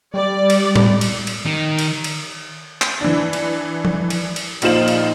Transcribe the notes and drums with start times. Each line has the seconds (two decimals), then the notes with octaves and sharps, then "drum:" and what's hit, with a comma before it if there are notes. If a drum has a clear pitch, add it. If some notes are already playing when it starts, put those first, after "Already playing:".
0.14 G3 D5
0.50 drum: cymbal
0.76 drum: tom A2
1.01 drum: cymbal
1.27 drum: cymbal
1.46 D#3
1.79 drum: cymbal
2.04 drum: cymbal
2.82 drum: clap
3.01 E3 D4
3.33 drum: cymbal
3.85 drum: tom F3
4.10 drum: cymbal
4.36 drum: cymbal
4.62 A#1 F3 D#4 F4 E7 F#7, drum: cymbal
4.88 drum: cymbal